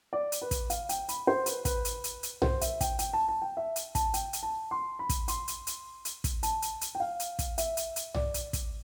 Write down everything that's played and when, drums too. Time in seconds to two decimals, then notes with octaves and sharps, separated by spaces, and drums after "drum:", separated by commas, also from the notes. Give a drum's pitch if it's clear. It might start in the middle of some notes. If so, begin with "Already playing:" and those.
0.13 D5
0.32 drum: hi-hat
0.42 B4
0.51 drum: kick, hi-hat
0.70 F5, drum: hi-hat
0.89 G5, drum: hi-hat
1.09 B5, drum: hi-hat
1.27 C5
1.46 B4, drum: hi-hat
1.65 B4, drum: kick, hi-hat
1.85 drum: hi-hat
2.04 drum: hi-hat
2.23 drum: hi-hat
2.42 C5, drum: tom B1
2.61 E5, drum: hi-hat
2.81 G5, drum: kick, hi-hat
2.99 G5, drum: hi-hat
3.13 A5
3.29 A5
3.42 G5
3.57 E5
3.76 drum: hi-hat
3.95 A5, drum: kick, hi-hat
4.14 G5, drum: hi-hat
4.33 drum: hi-hat
4.43 A5
4.71 C6
4.99 B5
5.09 drum: kick, hi-hat
5.28 C6, drum: hi-hat
5.48 drum: hi-hat
5.67 drum: hi-hat
6.05 drum: hi-hat
6.24 drum: kick, hi-hat
6.43 A5, drum: hi-hat
6.62 drum: hi-hat
6.81 drum: hi-hat
6.95 G5
7.00 F5
7.20 drum: hi-hat
7.39 drum: kick, hi-hat
7.58 E5, drum: hi-hat
7.77 drum: hi-hat
7.96 drum: hi-hat
8.14 D5, drum: tom B1
8.34 drum: hi-hat
8.53 drum: kick, hi-hat